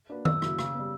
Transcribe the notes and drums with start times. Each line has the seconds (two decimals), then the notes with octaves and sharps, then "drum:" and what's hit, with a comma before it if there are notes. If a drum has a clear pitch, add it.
0.09 A#3 D4 F#4 B4
0.25 F#2 E6, drum: tom D#3
0.42 C#3 F#3 A#3 E4, drum: rim click
0.59 C#3, drum: rim click
0.74 G3 B3